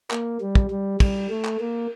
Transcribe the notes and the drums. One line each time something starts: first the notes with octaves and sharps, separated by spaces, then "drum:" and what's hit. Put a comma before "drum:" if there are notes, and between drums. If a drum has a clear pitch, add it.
A#3, drum: clap
G3
drum: kick
G3
G3, drum: kick, cymbal
A3
drum: clap
A#3